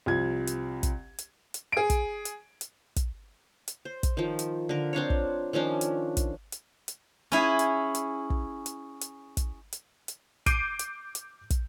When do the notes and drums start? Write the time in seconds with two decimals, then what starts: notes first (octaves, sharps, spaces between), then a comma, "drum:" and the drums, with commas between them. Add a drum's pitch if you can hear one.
0.06 C2 F3 G#6
0.47 drum: hi-hat
0.83 drum: kick, hi-hat
1.18 drum: hi-hat
1.54 drum: hi-hat
1.72 G#4 D7
1.90 drum: kick, hi-hat
2.25 drum: hi-hat
2.61 drum: hi-hat
2.96 drum: kick, hi-hat
3.68 drum: hi-hat
3.85 C5
4.03 drum: kick, hi-hat
4.17 D#3 F3
4.39 drum: hi-hat
4.69 D3 A#4
4.93 C4 D4 F4 C#5
5.10 drum: kick
5.53 D#3 F3 C#4 D4
5.81 drum: hi-hat
6.17 drum: kick, hi-hat
6.52 drum: hi-hat
6.88 drum: hi-hat
7.32 C#4 E4 G#4
7.59 drum: hi-hat
7.95 drum: hi-hat
8.30 drum: kick
8.66 drum: hi-hat
9.01 drum: hi-hat
9.37 drum: kick, hi-hat
9.73 drum: hi-hat
10.08 drum: hi-hat
10.46 D6 G6 C7 D7 D#7, drum: kick, hi-hat
10.79 drum: hi-hat
11.15 drum: hi-hat
11.50 drum: kick, hi-hat